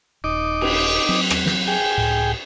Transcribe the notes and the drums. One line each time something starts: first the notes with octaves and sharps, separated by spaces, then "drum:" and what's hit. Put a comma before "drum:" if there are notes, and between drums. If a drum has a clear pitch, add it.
D#1 D#4 D6
drum: cymbal
F#3 C4
drum: rim click
drum: snare
G#4 G5
C#2 A2